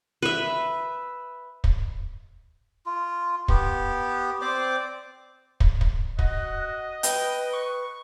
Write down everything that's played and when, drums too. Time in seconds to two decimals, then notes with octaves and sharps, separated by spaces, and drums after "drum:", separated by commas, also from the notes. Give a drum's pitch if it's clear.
0.22 B4 E5
1.64 drum: kick
2.86 F4
3.48 B3 G4, drum: kick
4.41 C4 C5 D5 D6
5.60 drum: kick
5.81 drum: kick
6.19 F#4 D#5 F#6, drum: kick
7.03 B4 G5, drum: hi-hat
7.53 C#6